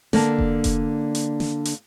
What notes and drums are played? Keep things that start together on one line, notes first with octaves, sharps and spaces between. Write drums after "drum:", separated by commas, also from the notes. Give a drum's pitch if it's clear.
D3 A#3 A5, drum: snare
drum: kick F1
drum: kick F1, hi-hat
drum: hi-hat
drum: snare
drum: hi-hat